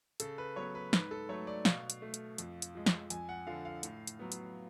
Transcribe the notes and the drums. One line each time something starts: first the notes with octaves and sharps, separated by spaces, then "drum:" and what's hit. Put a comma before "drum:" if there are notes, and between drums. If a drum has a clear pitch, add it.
C#3 A4, drum: hi-hat
B4
F#3 B3 C#5
B4
G#2 B4, drum: snare
A4
F#3 A3 C#5
D5
B2 F5, drum: snare
drum: hi-hat
A3
drum: hi-hat
F2, drum: hi-hat
drum: hi-hat
F3 G#3
drum: snare
F2 G#5, drum: hi-hat
F#5
D3 F3 F5
F5
A2, drum: hi-hat
drum: hi-hat
F#3 B3
drum: hi-hat